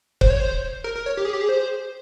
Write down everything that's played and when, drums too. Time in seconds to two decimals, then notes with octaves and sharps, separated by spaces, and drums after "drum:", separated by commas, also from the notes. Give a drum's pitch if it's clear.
0.21 C5, drum: kick C#1
0.30 C#5
0.40 C5
0.84 A#4
0.95 A#4
1.06 C#5
1.17 G4
1.25 G#4
1.33 G4
1.41 G#4
1.49 C5